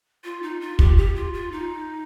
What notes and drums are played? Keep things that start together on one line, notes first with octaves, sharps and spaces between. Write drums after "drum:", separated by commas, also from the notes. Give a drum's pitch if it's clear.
F4
D#4
F4
G4, drum: kick
G4
F4
F4
D#4